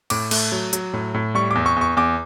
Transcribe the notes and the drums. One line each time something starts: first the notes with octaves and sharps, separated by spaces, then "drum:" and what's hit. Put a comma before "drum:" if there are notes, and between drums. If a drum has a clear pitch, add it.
A2 D6, drum: cymbal
A3, drum: cymbal
F#3
F#3, drum: hi-hat
A2
A2
G3 C#6
E2 D6
C#6
E2 C#6
E2 D6